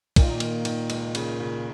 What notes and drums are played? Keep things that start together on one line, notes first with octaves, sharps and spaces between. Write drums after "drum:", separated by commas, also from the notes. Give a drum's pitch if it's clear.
A#2 D#3, drum: kick B1, cymbal
D#3, drum: cymbal
D#3, drum: cymbal
C#2, drum: cymbal
C#3, drum: cymbal
C#3